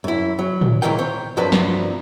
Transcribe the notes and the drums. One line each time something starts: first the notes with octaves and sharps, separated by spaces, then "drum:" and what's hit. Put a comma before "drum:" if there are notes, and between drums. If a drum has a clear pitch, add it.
F#2 E4
F#3
drum: tom A2
C#2 C3 D#3 E3 A#4 G5
C5 C#5
C2 G2 F3 F#3 A#4 B4
drum: snare